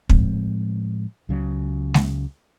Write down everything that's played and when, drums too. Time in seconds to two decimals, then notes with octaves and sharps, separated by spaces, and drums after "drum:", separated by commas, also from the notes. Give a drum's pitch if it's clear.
0.10 A2 F3 G#3 C4, drum: kick
1.29 C#2 C#3 F#3
1.94 drum: snare G#3